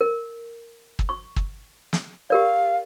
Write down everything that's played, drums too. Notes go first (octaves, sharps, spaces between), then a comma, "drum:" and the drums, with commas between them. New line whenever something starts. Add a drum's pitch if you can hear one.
A#4
drum: kick
C#6
drum: kick
drum: snare
G4 A#4 D5 F5